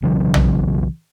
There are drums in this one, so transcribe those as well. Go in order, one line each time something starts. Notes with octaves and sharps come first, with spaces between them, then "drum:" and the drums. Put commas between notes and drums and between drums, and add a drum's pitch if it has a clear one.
B1 C#3 E3 F#3
drum: tom A#1